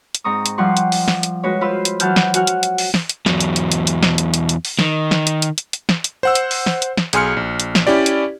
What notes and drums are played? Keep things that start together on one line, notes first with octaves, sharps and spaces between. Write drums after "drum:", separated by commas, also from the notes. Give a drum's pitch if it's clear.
drum: hi-hat
G#2 C4 A#5 C#6 D#6
drum: hi-hat
F3 G3 F#5 C6 C#6
drum: hi-hat
drum: open hi-hat
drum: snare
drum: hi-hat
G#3 F#4 B4 C#5
F4 B4 C5 F5 B5 E6
drum: hi-hat
E3 F#3 F#5 A5 F6 G6, drum: hi-hat
drum: snare
F#4 F#5 G#5 F6, drum: hi-hat
drum: hi-hat
drum: hi-hat
drum: open hi-hat
drum: snare
drum: hi-hat
E2 F#3, drum: snare
drum: hi-hat
drum: hi-hat
drum: hi-hat
drum: hi-hat
drum: snare
drum: hi-hat
drum: hi-hat
drum: hi-hat
drum: open hi-hat
D#3, drum: snare
drum: snare
drum: hi-hat
drum: hi-hat
drum: hi-hat
drum: hi-hat
drum: snare
drum: hi-hat
C5 F#5 E6
drum: hi-hat
drum: open hi-hat
drum: snare
drum: hi-hat
drum: snare
B1 G#4 G#5 C6 F6 C#7, drum: hi-hat
A#1
drum: hi-hat
drum: snare
C#4 E4 G4 D5
drum: hi-hat